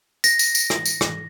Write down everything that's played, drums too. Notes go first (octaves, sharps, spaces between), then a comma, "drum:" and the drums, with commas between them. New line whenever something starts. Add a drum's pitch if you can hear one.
A#6, drum: tambourine
drum: tambourine
drum: tambourine
drum: rim click
drum: tambourine
drum: rim click